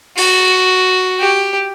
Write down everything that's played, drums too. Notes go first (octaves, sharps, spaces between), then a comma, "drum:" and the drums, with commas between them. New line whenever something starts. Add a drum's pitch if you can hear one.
F#4, drum: open hi-hat
G4